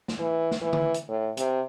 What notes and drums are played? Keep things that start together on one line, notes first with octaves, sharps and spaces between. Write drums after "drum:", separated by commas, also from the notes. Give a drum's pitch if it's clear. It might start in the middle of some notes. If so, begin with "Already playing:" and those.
drum: snare
E3
drum: snare
E3
drum: tom D3
drum: hi-hat
A2
C3, drum: hi-hat